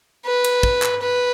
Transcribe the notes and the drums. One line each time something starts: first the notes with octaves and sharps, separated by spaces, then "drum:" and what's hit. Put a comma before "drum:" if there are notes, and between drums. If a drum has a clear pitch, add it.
B4
drum: cymbal
drum: kick
drum: clap
B4